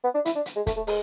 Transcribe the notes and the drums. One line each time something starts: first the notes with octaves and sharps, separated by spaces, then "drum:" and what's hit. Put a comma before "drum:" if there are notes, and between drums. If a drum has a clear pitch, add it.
B3
D4
E4, drum: hi-hat
D4
drum: hi-hat
G#3
A3, drum: kick, hi-hat
A3
G#3, drum: open hi-hat